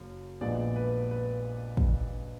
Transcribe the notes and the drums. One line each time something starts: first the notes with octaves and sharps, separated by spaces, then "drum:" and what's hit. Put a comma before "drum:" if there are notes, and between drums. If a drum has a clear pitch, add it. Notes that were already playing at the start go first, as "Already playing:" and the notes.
Already playing: F#1 F#2
A#1 A#2 G#3 B3 D5
B4
B4
drum: kick